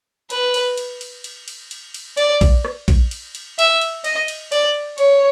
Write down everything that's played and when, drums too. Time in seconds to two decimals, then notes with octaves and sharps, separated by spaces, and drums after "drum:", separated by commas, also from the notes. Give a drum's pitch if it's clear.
0.30 B4, drum: cymbal
0.54 drum: cymbal
0.78 drum: cymbal
1.01 drum: cymbal
1.24 drum: cymbal
1.48 drum: cymbal
1.71 drum: cymbal
1.94 drum: cymbal
2.17 D5, drum: cymbal
2.41 drum: kick A#1, cymbal
2.65 drum: rim click
2.88 drum: kick A#1, cymbal
3.11 drum: cymbal
3.35 drum: cymbal
3.59 E5, drum: cymbal
3.81 drum: cymbal
4.04 D#5, drum: cymbal
4.28 drum: cymbal
4.52 D5, drum: cymbal
4.98 C#5, drum: cymbal